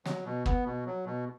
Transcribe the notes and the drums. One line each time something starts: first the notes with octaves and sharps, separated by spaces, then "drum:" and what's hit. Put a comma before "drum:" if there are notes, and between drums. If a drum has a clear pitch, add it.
F#3, drum: snare
B2
B3, drum: kick
B2
F#3
B2